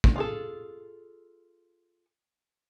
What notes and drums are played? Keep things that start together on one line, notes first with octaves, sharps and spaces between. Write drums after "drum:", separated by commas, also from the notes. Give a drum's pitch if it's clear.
drum: kick
F4 G#4 A4